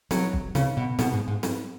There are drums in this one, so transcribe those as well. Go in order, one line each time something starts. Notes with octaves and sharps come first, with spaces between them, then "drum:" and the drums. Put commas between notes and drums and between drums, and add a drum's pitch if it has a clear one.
F#3, drum: snare
drum: kick B1
C#3, drum: snare
B2
B2, drum: snare
G#2
G#2
drum: snare